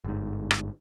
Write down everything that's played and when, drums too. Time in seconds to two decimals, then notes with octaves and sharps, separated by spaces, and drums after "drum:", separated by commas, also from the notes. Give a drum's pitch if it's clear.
0.05 G1 G#2
0.51 drum: rim click